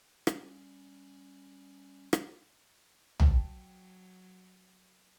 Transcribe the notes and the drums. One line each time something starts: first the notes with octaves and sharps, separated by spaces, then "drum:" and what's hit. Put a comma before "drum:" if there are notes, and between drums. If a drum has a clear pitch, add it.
G3 C#4, drum: rim click
drum: rim click
F#3 G5 A5, drum: tom B1